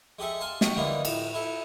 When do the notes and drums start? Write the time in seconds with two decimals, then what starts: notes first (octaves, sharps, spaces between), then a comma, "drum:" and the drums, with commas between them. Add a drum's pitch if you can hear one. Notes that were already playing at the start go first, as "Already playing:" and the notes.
0.19 G#3 G4 A4 E5
0.40 F5 G#5 A5 C6
0.61 F#4 D#5 G5 A5 A#5, drum: snare
0.76 D3 E3 G3 A#3 D4 D#4
1.05 A2, drum: cymbal
1.34 E4 A4